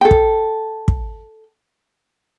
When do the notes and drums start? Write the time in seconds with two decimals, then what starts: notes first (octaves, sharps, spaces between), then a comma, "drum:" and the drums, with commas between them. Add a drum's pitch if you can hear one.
0.01 A4 G5
0.11 drum: kick
0.88 drum: kick